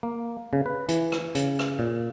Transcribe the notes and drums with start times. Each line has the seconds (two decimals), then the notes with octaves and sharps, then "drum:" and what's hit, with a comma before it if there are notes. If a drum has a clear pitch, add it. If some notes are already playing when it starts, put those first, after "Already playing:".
0.03 A#3
0.53 C#3
0.66 B4
0.89 E3, drum: hi-hat
1.12 drum: rim click
1.35 C#3, drum: hi-hat
1.59 drum: rim click
1.79 A#2